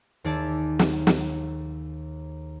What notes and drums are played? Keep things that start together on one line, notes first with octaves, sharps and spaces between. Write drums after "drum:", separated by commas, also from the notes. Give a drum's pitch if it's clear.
D#2 D#4 G#4 D5 E5 A5
drum: snare
drum: snare